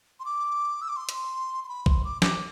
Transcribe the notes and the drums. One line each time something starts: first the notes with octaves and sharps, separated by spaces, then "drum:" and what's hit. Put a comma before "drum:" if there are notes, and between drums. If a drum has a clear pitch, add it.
C6
D6
E6
D6
C6
drum: hi-hat
C6
B5
C6, drum: kick
D6
D6, drum: snare